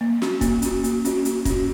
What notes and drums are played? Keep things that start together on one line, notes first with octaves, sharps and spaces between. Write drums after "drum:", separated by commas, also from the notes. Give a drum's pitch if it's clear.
A#3
C#4 F#4, drum: snare
A#3, drum: kick, hi-hat
C#4 F#4, drum: hi-hat
A#3, drum: hi-hat
C#4 F#4, drum: hi-hat
A#3, drum: hi-hat
C#4 F#4, drum: kick, hi-hat